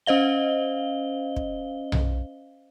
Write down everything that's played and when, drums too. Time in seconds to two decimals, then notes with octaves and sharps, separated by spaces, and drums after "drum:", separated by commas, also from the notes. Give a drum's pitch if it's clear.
0.06 C#4 C5 D#5 F5 G7
1.36 drum: kick
1.92 drum: tom B1